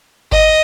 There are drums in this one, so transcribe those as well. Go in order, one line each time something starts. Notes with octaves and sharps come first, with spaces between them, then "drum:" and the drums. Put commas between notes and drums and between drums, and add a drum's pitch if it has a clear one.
D#5, drum: kick G1